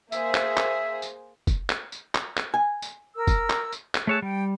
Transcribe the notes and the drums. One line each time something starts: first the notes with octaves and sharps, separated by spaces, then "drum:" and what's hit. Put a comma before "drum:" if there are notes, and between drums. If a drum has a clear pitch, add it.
A#3 G#4 C5 E5, drum: tambourine
drum: clap
drum: clap
drum: tambourine
drum: kick, tambourine
drum: clap
drum: tambourine
drum: clap
drum: clap
G#5
drum: tambourine
A#4 E6
drum: kick, tambourine
drum: clap
drum: tambourine
drum: clap
A3 G#4 C#5 A5 E6 F#6
G3 G5